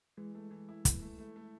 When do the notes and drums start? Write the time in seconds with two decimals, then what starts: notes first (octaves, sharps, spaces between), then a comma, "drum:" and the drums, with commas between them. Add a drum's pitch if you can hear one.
0.17 E3 G#3
0.35 A3
0.51 E3
0.69 E4
0.85 E3, drum: kick, hi-hat
1.02 A3
1.19 A3
1.36 A3